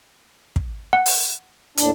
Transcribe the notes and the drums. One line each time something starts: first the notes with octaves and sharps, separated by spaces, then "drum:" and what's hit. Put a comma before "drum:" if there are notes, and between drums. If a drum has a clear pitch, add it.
drum: kick
F#5
drum: open hi-hat
D#2 A2 D4, drum: hi-hat